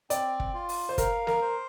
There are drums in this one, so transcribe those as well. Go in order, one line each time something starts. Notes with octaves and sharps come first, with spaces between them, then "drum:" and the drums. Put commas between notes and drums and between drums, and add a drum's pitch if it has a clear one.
C4 D5, drum: hi-hat
drum: kick
F4
drum: open hi-hat
C5
A#4 F5, drum: kick, hi-hat
A#4, drum: snare
C5